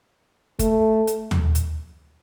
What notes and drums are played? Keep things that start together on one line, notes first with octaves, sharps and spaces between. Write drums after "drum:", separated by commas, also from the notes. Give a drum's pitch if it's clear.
A3, drum: kick, hi-hat
drum: hi-hat
drum: tom D#2
drum: hi-hat